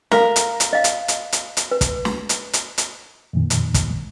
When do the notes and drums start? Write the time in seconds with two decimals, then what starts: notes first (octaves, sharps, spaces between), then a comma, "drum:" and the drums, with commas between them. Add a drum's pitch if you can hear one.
0.12 A4 A#4 F5, drum: snare
0.36 drum: hi-hat
0.60 drum: hi-hat
0.73 D#5 F5
0.84 drum: hi-hat
1.08 drum: hi-hat
1.32 drum: hi-hat
1.57 drum: hi-hat
1.71 B4
1.81 drum: kick, hi-hat
2.05 drum: snare
2.29 drum: hi-hat
2.53 drum: hi-hat
2.78 drum: hi-hat
3.33 F2 A#2 D#3
3.50 drum: hi-hat
3.74 drum: kick, hi-hat